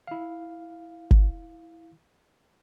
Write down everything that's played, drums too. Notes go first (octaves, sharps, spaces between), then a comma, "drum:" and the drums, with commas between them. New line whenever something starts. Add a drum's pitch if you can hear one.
E4 F5
drum: kick G1